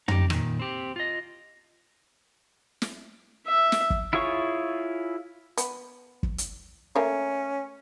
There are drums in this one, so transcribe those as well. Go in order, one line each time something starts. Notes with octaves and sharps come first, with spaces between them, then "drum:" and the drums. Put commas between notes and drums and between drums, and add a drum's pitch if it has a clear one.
D#4 G4, drum: tom
A#2 D#3, drum: rim click
C4 G4
F4 D#5
drum: snare
E5
drum: snare
drum: kick
E4 F4 G#4 C#5 C#6
B3, drum: hi-hat
drum: kick
drum: hi-hat
A3 A#3 C#4